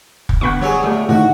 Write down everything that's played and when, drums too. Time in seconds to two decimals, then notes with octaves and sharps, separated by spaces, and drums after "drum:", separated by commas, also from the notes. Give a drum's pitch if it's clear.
0.29 drum: kick
0.41 D3 B3 F#5 B5 C#6
0.61 F#3 G3 G#4 C#5
0.83 A#2 G3 A3
1.09 A2 D3 D#3 D#4 F#4